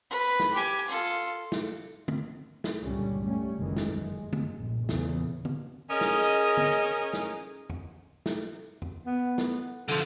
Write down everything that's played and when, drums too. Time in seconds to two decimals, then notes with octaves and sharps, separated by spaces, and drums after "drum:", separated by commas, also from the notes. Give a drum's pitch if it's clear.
0.10 B4
0.40 drum: snare
0.54 G4 G#5
0.88 F4 A4
1.52 drum: snare
2.08 drum: tom
2.64 drum: snare
2.84 C#2 G2 A#2 D3 G3 C#4
3.25 G3 A3 C#4
3.58 F#1 C#2 D#3 E3 G#3
3.77 drum: snare
3.90 F#1 G2 G#3
4.33 drum: tom
4.60 A#1
4.89 E2 A#2 C#3 E3, drum: snare
5.45 drum: tom
5.91 C#4 G#4 A#4 D#5
6.01 drum: snare
6.57 drum: tom
7.13 drum: snare
7.70 drum: tom F2
8.26 drum: snare
8.82 drum: tom F2
9.06 B3
9.38 drum: snare
9.88 D3 F3 A4